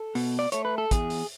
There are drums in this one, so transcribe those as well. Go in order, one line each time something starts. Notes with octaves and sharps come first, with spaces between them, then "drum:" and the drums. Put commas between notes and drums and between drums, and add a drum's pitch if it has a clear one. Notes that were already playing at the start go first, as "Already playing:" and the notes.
Already playing: A4
B2, drum: open hi-hat
D5
A3 C#5, drum: hi-hat
B4
A4
E2 G#4, drum: kick, hi-hat
drum: open hi-hat